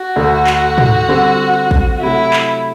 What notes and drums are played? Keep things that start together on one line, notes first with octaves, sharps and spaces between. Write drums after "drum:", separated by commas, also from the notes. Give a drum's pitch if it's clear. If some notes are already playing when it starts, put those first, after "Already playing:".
Already playing: F#4
D2 D3 A3
drum: clap
drum: tom
D3 G3 C4
drum: kick
C3 F#3 A3 E4
drum: clap